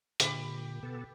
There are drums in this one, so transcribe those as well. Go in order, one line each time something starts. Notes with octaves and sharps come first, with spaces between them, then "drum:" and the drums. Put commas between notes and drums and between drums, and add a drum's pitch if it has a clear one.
A#2 D3 G4 B5 D6, drum: hi-hat
B2 B3 A4